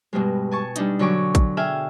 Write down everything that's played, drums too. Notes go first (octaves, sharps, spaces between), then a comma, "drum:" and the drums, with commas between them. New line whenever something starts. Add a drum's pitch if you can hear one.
G2 B2 G3 G#3
G#5 A5 C#6
G3 D4 D#4, drum: hi-hat
D3 F#3 C#5 G#5 C#6 D6
drum: kick, hi-hat
G#4 E5 F5 G5 G#5